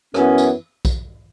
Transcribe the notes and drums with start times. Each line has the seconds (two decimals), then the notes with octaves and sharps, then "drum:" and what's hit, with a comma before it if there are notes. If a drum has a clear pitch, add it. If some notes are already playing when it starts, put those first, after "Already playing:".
0.14 F#2 E3 B3 C#4, drum: rim click
0.38 drum: tambourine
0.85 drum: kick B1, tambourine